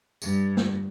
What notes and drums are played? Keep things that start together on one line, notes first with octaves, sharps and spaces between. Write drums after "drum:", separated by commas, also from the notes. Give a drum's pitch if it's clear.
G2, drum: tambourine
drum: snare